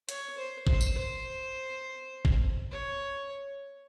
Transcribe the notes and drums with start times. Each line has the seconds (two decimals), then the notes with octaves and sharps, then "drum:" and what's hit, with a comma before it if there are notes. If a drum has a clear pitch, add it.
0.09 C#5, drum: hi-hat
0.38 C5
0.67 C5, drum: kick
0.81 drum: tambourine
0.96 C5
2.25 drum: kick
2.71 C#5